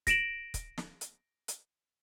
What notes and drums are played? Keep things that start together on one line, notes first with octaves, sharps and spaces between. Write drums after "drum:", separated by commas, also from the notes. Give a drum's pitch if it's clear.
A#6 D7 E7 F#7, drum: kick, hi-hat
drum: kick, hi-hat
drum: snare
drum: hi-hat
drum: hi-hat